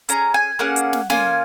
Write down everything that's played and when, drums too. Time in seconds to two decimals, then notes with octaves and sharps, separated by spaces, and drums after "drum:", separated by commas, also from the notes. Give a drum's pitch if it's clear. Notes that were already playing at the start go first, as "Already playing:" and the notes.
0.09 C#4 G#4 A#5, drum: hi-hat
0.34 G#5
0.59 A#3 C#4 G#4 F#5
0.76 drum: hi-hat
0.93 drum: snare
1.10 A#3 C#4 F4 G#5, drum: snare